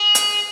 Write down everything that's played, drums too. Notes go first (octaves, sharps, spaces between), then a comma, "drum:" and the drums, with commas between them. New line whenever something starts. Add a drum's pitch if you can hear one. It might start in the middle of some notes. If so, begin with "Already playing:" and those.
Already playing: G#4
drum: hi-hat